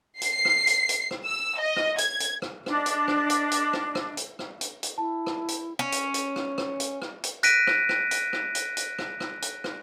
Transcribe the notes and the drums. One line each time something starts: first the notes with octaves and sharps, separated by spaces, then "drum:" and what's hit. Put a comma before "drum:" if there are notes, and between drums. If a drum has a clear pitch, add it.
C7, drum: hi-hat
drum: rim click
drum: hi-hat
drum: hi-hat
drum: rim click
E6
D#5
drum: rim click
G#6, drum: hi-hat
drum: hi-hat
drum: rim click
D4 D#5, drum: rim click
drum: hi-hat
drum: rim click
drum: hi-hat
drum: hi-hat
drum: rim click
drum: rim click
drum: hi-hat
drum: rim click
drum: hi-hat
drum: hi-hat
E4 A5
drum: rim click
drum: hi-hat
C#4
drum: hi-hat
drum: hi-hat
drum: rim click
drum: rim click
drum: hi-hat
drum: rim click
drum: hi-hat
F#6 A#6 B6 D7 D#7, drum: hi-hat
drum: rim click
drum: rim click
drum: hi-hat
drum: rim click
drum: hi-hat
drum: hi-hat
drum: rim click
drum: rim click
drum: hi-hat
drum: rim click